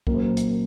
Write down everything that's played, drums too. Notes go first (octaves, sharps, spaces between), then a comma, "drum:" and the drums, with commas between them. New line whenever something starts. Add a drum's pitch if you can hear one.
A#2 F#3 A#3 C#4 A#4, drum: kick
C5
A#4
drum: hi-hat